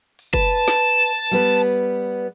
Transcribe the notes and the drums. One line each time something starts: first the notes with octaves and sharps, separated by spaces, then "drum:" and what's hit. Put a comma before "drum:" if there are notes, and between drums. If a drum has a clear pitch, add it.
drum: open hi-hat
B4 A5, drum: kick
drum: snare
G3 B3 B4